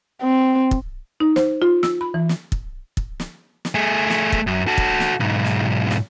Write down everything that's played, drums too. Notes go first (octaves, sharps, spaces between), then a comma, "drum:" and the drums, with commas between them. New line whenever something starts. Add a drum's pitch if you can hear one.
C4
drum: kick
D#4
C5, drum: snare
F4
E6, drum: snare
B5
E3
drum: snare
drum: kick
drum: kick
drum: snare
drum: snare
A3 G#4
drum: snare
drum: kick
F#2
F#4 A4
drum: kick
drum: snare
B1 G#2
drum: snare
drum: snare